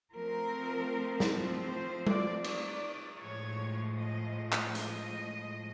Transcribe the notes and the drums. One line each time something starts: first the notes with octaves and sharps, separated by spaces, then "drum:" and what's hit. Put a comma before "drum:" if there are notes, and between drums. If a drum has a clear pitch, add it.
F3 A3 C4 A#4
drum: snare
C5
D5, drum: tom G3
D5, drum: cymbal
A2 F3 G#3 C#5
D#5
drum: clap
D#5, drum: hi-hat